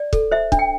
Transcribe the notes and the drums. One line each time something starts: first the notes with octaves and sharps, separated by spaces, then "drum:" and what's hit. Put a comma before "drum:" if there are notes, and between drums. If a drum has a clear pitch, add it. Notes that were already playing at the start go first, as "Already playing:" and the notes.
Already playing: D5
A4, drum: kick
C5 E5
D4, drum: kick
G5